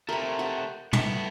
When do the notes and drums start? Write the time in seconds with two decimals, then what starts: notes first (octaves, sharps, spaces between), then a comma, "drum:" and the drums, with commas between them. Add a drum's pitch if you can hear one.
0.09 C3 A3 A#4 B5
0.39 F#5 G5
0.93 A2 B3, drum: tom